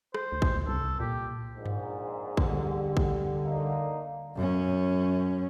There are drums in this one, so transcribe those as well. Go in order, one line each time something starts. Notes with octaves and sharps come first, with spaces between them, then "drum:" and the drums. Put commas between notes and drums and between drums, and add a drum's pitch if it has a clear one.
C5, drum: rim click
D2
drum: kick
C2 A4
A#2 G4
A#1 G#2
drum: tom G2
D3 G3, drum: kick
drum: kick
A#3 D4 D#4
F#2 C#4